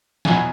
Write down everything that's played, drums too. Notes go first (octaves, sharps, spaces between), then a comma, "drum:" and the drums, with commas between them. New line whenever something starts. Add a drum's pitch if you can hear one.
E2 B2 F#3 G#5, drum: snare